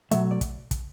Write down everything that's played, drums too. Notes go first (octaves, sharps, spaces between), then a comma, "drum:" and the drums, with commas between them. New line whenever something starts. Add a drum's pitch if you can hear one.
B2 F#3 A3 E5, drum: hi-hat
D5
drum: kick, hi-hat
drum: kick, hi-hat